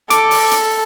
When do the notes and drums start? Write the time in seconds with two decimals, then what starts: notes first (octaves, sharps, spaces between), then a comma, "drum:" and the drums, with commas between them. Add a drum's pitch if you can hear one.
0.10 A4 D6, drum: hi-hat
0.31 drum: open hi-hat
0.51 drum: hi-hat